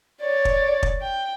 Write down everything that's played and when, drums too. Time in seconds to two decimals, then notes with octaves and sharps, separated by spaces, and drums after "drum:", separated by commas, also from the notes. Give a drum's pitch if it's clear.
0.22 C#5 D5
0.45 drum: kick
0.83 drum: kick
1.01 G5